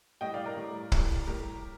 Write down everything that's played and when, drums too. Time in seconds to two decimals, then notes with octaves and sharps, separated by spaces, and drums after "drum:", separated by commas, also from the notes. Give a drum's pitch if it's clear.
0.21 A2 G3 D#5 G5
0.34 D5 F5
0.44 A#4 D5
0.57 A2 G3
0.92 A2 G3, drum: kick
1.27 A2 G3 G4 A#4